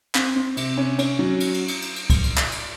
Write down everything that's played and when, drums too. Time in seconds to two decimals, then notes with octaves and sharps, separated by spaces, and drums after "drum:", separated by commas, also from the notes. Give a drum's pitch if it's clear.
0.15 C4, drum: clap
0.36 C4
0.57 C3, drum: cymbal
0.77 C#4
0.99 C#4, drum: cymbal
1.19 F#3
1.40 drum: cymbal
1.54 drum: cymbal
1.68 drum: cymbal
1.82 drum: cymbal
1.96 drum: cymbal
2.10 drum: kick C2, cymbal
2.24 drum: cymbal
2.38 drum: clap
2.51 drum: cymbal